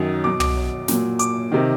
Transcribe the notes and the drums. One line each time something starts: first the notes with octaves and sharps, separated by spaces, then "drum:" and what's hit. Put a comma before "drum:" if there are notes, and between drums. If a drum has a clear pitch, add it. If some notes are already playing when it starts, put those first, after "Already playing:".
Already playing: F#2 D#3 F#3 D#6
B2 F#3 D6
D6, drum: tom
A#2 F#3, drum: snare
D6, drum: hi-hat
C3 D#3